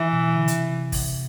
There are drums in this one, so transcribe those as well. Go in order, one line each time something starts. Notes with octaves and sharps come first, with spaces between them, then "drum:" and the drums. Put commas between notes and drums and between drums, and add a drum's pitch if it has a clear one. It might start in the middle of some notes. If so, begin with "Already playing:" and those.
Already playing: E3
B2
D3
C3, drum: hi-hat
drum: kick, open hi-hat